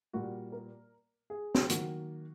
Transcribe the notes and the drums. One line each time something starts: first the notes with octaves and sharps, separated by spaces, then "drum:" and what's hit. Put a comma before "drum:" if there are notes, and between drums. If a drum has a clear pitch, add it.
A#2 G3 A#3 F#4
A#4
G#4
drum: snare
D#3 F#3 A#3 F#4, drum: hi-hat